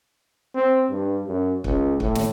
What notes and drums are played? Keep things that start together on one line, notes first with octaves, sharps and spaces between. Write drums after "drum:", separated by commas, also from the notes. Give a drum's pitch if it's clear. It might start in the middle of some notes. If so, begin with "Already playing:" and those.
C4
G2
F#2
C#2, drum: kick
A2, drum: kick
drum: snare